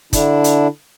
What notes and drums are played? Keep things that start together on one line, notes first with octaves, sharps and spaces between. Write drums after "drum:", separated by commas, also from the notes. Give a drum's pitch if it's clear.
D3 D4 E4, drum: kick, hi-hat
drum: hi-hat